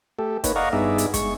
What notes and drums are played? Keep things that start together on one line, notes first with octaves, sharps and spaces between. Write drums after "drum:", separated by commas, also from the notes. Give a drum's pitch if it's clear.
A3 G4 A4
A#3 D#4 B4 C#5, drum: kick, hi-hat
D5 D#5 F5 F#5 A#5 C#6
G2 B3 D#4 G#4 D5 E5
drum: hi-hat
G#3 C#6, drum: kick, hi-hat